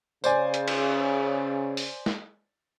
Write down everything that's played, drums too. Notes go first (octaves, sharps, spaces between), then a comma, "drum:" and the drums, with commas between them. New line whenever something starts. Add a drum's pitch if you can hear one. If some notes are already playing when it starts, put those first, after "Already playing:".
C#3 C5 D5 G#5, drum: tambourine
drum: hi-hat
drum: cymbal
drum: open hi-hat
drum: snare